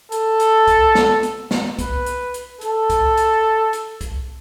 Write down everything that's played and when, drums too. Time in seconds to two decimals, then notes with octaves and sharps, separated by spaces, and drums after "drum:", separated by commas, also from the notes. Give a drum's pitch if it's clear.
0.12 A4, drum: hi-hat
0.40 drum: hi-hat
0.67 drum: kick C2, hi-hat
0.95 drum: snare
1.23 drum: hi-hat
1.51 drum: snare
1.79 B4, drum: kick C2, hi-hat
2.06 drum: hi-hat
2.34 drum: hi-hat
2.61 A4, drum: hi-hat
2.90 drum: kick C2, hi-hat
3.17 drum: hi-hat
3.73 drum: hi-hat
4.01 drum: kick C2, hi-hat